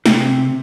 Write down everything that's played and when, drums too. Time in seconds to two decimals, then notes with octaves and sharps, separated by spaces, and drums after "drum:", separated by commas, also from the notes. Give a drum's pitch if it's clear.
0.06 C3, drum: snare